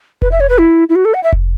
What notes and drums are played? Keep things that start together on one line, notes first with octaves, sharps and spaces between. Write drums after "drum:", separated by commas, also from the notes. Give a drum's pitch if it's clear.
B4, drum: kick F1
E5
C#5
B4
E4
E4
F#4
A4
F#5
E5
drum: kick F1